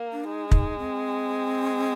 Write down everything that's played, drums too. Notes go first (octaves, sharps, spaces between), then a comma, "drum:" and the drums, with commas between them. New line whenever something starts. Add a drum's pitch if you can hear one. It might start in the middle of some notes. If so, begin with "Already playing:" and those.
Already playing: A#3
D4
G#3 D#4
D4
D#4, drum: kick
C4